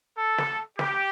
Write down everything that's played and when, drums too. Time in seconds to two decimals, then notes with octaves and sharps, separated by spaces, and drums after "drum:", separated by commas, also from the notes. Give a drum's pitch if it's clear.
0.17 A4
0.38 drum: snare
0.79 G4, drum: snare